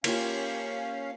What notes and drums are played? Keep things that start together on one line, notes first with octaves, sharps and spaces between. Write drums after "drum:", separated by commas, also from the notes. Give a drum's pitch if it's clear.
A#3 C#4 F4 G4 F5, drum: cymbal